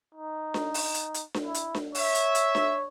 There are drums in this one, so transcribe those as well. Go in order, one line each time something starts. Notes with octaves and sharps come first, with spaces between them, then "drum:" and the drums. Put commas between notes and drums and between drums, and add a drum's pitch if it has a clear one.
D#4
drum: snare D4
drum: open hi-hat
drum: hi-hat
drum: hi-hat
drum: snare D4
E4
drum: hi-hat
drum: snare D4
C#5 E5, drum: open hi-hat
drum: hi-hat
drum: hi-hat
drum: snare D4